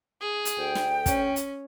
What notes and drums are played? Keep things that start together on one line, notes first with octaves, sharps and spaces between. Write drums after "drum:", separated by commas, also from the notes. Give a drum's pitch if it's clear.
G#4
drum: hi-hat
D2 G5
drum: snare
C#4, drum: kick, hi-hat
drum: hi-hat